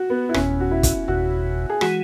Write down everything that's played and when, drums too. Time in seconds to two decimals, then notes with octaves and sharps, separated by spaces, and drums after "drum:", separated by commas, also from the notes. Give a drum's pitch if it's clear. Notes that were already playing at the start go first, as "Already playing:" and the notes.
Already playing: F#4
0.10 B3
0.29 E4
0.34 F#1 E2 B2 C#4, drum: rim click
0.60 F#4
0.71 E4
0.83 drum: kick, hi-hat
1.08 F#1 E2 B2 F#4
1.70 G#4
1.81 E3 G#3 F#4, drum: rim click